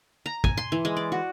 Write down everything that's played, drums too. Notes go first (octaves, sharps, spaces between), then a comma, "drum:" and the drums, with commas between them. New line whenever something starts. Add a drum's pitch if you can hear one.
A#5
G#5, drum: kick
C6
E3
G#3
D5
F#4